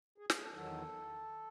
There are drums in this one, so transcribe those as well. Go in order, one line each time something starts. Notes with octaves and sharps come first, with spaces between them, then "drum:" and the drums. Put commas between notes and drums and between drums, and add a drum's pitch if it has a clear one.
G#4
G#4, drum: snare
A4
E2 D#3 F#3 A4